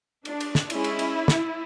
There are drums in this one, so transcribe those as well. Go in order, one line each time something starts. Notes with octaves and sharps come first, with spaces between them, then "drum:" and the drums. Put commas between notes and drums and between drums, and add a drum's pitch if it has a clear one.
D4, drum: cymbal
drum: cymbal
drum: snare
G#3 C#4 E4, drum: cymbal
drum: cymbal
drum: cymbal
drum: snare